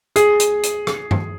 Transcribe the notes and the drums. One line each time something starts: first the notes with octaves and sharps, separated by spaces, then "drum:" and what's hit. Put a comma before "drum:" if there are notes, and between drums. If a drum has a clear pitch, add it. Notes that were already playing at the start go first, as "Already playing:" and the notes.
G#4, drum: hi-hat
drum: hi-hat
drum: hi-hat
drum: rim click
drum: tom G2